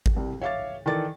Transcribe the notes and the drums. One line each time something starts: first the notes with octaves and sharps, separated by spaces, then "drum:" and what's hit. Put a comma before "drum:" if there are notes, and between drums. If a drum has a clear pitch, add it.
drum: kick G#1
C2 G3
C#5 E5 F5 D6 A6
D#3 E3 A4 D5 D6 A6